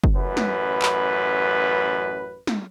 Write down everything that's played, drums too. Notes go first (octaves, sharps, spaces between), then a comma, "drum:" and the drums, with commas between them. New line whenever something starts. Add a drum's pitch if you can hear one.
drum: kick
A1 F#2 B4
drum: snare
drum: clap
drum: snare